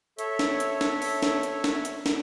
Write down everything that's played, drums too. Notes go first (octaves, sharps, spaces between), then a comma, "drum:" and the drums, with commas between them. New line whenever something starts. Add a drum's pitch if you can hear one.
A4 C#5 E5, drum: hi-hat
drum: snare
drum: hi-hat
drum: snare
drum: open hi-hat
drum: snare
drum: hi-hat
drum: snare
drum: hi-hat
drum: snare